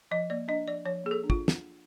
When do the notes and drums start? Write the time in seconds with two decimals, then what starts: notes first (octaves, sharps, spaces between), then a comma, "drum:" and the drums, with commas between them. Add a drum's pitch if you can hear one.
0.11 F3 D#5
0.30 A#3 D5
0.48 D4 D#5
0.67 F3 D5
0.85 F3 C#5
1.04 A#3 G#4
1.11 A4
1.24 D4
1.30 F4, drum: kick
1.48 drum: snare